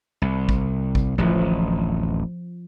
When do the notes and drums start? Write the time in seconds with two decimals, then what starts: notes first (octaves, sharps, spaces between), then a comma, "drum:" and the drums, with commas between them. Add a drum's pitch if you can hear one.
0.22 C2
0.49 drum: kick A1
0.95 drum: kick A1
1.18 D1 A1 F3